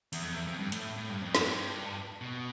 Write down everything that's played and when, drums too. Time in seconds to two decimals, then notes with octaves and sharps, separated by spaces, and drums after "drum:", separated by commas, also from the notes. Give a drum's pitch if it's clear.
0.13 E2, drum: open hi-hat
0.22 F2
0.34 E2
0.47 F2
0.60 G2
0.72 A2, drum: hi-hat
0.97 A2
1.09 G2
1.22 F2
1.35 G2, drum: snare
2.21 B2